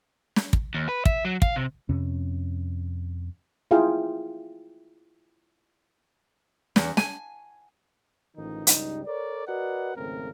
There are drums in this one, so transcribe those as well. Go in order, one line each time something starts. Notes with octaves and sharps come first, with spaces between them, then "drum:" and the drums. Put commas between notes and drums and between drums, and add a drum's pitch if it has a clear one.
drum: snare
drum: kick
D#2
B4
E5, drum: kick
F#3
F5, drum: kick
C3
F2 C3 C#4
E4 F4 G#4 F5 G5
E2, drum: snare
G#5, drum: snare
A1 D#3 F3 D#4
C#2 G2 G3 D#4, drum: hi-hat
A4 A#4 C#5 D5
F#4 A#4 B4 D5 D#5 F#5
G#1 F2 C#3 A3 C4 A#4